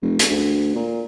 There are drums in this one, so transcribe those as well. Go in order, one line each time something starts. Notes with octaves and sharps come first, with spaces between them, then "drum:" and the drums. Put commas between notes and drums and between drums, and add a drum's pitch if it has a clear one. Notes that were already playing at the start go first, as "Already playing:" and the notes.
F1
drum: hi-hat
D2
A#2